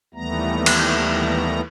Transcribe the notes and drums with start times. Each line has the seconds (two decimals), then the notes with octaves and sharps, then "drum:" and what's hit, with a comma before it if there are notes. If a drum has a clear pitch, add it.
0.14 D#2 E3 G3 A3 B3 A#5
0.66 drum: cymbal